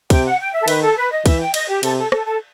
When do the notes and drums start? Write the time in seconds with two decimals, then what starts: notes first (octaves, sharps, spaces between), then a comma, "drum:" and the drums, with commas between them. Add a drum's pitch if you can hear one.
0.10 C3 G5, drum: kick, cymbal
0.25 F#5
0.40 G5
0.54 E5
0.61 A4
0.68 D#3 B4, drum: cymbal
0.82 A4
0.97 B4
1.11 D#5
1.26 E3 E5, drum: kick, cymbal
1.40 G5
1.54 D#5, drum: cymbal
1.69 G4
1.83 C3 A4, drum: cymbal
1.98 A4
2.12 A4, drum: rim click
2.26 A4